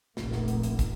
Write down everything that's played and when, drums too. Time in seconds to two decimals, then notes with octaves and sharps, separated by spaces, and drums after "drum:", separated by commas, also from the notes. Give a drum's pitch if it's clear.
0.17 F1 A#1 A#3, drum: snare
0.32 drum: snare
0.48 drum: hi-hat
0.63 drum: hi-hat
0.79 drum: kick, hi-hat